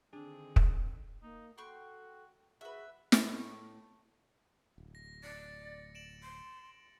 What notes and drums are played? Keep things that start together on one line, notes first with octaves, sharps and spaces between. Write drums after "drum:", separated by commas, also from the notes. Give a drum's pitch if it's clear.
D3 D#3 C4 D4 G#4
drum: kick
A#3 D#4
F#4 A4 G5 C6 C#6
F#4 G#4 B4 E5
A2, drum: snare
D1
A#6
D5 A6 C#7
D7 E7 F#7
C6